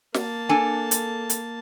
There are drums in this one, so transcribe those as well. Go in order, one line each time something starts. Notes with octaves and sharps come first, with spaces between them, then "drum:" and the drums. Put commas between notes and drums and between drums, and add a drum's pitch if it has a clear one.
A#3 A5, drum: snare
D4 A4 G#5
drum: hi-hat
drum: hi-hat